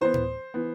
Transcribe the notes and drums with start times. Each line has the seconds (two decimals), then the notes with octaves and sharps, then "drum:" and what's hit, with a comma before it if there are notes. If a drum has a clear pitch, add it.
0.01 E3 B3 C5
0.14 drum: tom A2
0.54 E3 B3